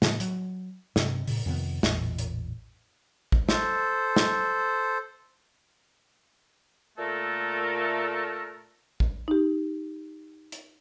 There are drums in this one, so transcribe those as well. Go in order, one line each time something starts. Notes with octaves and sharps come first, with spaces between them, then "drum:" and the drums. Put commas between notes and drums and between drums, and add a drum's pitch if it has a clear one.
A2 C#3 F3 A#3, drum: snare
F#3, drum: hi-hat
G2 C3, drum: snare
A2 C#3, drum: open hi-hat
F2 C3 D#3 B3
A1 E2 A#2, drum: snare
drum: hi-hat
drum: kick
A4 C5, drum: snare
drum: snare
A#2 A3 A4 A#4
drum: kick
D#4 G4
drum: hi-hat